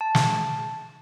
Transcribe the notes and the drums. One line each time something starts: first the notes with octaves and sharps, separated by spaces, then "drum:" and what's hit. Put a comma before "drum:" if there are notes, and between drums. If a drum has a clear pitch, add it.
A5
drum: snare